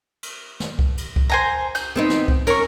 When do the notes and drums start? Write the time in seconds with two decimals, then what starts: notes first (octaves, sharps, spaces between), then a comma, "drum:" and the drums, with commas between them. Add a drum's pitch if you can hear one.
0.23 drum: cymbal
0.60 drum: snare
0.79 drum: kick C2
0.97 drum: cymbal
1.16 drum: kick C2
1.30 C5 G#5 A#5
1.75 G6, drum: cymbal
1.96 B3 C4 D#4
2.10 drum: snare
2.28 drum: kick C2
2.47 C#4 A#4 C#6, drum: cymbal